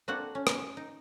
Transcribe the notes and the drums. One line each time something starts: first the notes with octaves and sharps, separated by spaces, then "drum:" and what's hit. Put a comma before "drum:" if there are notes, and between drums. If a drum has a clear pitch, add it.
A#3 C4 D4 F#4 A4 F#5
C#4
drum: rim click
D#4